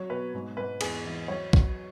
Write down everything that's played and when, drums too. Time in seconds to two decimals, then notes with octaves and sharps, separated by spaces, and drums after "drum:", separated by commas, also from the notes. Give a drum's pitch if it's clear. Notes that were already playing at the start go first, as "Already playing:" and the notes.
Already playing: F#3 C#5
0.10 B2 B4
0.34 G#2
0.57 G#2 B4
0.81 E2 G#4, drum: cymbal
1.06 E3
1.28 F#3 C#5
1.53 F#3, drum: kick